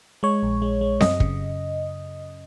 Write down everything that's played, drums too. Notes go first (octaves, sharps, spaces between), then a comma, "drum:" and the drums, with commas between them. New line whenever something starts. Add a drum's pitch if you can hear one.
G#3 C#5
A#1
G#3
G#3
F#2 D#5, drum: snare C4
C#3, drum: kick